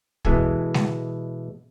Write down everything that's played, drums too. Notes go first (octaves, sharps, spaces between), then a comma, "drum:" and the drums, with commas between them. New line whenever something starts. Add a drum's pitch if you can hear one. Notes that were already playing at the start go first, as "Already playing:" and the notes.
B2 E3 G#3 A4 G#5, drum: kick
drum: snare G#3